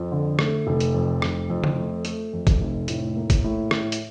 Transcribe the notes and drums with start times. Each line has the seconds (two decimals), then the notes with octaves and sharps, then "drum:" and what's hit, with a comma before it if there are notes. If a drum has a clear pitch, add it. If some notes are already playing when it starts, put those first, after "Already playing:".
Already playing: F2
0.12 D3
0.39 A3, drum: rim click
0.67 F1
0.80 drum: hi-hat
0.94 F2
1.22 F1, drum: rim click
1.50 F2
1.64 drum: tom C#3
1.78 A3
2.05 A3, drum: hi-hat
2.33 F2
2.47 drum: kick, hi-hat
2.61 F1
2.88 A2, drum: hi-hat
3.17 A#3
3.30 drum: kick, hi-hat
3.44 A2
3.71 A2, drum: rim click
3.92 drum: hi-hat